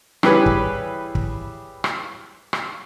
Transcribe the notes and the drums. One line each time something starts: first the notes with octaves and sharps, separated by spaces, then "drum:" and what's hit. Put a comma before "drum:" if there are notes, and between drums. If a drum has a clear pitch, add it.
E3 G3 G4 G#4 B4 C#5, drum: rim click
drum: kick
drum: kick
drum: rim click
drum: rim click